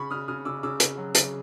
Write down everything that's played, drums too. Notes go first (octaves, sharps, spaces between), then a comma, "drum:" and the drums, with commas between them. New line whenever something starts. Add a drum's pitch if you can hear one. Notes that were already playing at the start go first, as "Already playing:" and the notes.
Already playing: C#3 B5 C#6
C#3 D#6 F6
C#3 D#6 F6
C#3 D6 E6
C#3 D6 E6
C#3, drum: hi-hat
F#3
C#3, drum: hi-hat